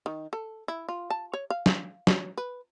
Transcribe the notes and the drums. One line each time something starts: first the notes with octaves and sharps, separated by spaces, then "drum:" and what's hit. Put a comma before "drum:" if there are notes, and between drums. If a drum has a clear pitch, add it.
D#3
A4
E4
F4
A5
C#5
F5
drum: snare
F#3, drum: snare
B4